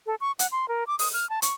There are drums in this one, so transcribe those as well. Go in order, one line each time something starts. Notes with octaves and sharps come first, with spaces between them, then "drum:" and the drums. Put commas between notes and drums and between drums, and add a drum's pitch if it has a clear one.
A4
C#6
F#5, drum: hi-hat
C6
A#4
D6
D#6, drum: open hi-hat
F6
A5
C#6, drum: hi-hat